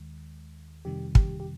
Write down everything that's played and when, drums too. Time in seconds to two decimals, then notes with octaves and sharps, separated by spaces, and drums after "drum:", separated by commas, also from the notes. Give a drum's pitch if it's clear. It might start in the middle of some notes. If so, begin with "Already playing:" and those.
Already playing: D#2 D#3 G#3
0.85 F2 C3 D#3 G3 G4
1.15 G4, drum: kick
1.40 G4